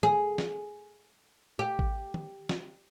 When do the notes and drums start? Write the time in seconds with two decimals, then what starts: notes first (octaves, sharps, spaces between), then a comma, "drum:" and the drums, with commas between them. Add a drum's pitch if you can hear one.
0.03 G#4, drum: tom D#3
0.38 drum: snare
1.59 G4
1.79 drum: kick A1
2.14 drum: tom D#3
2.49 drum: snare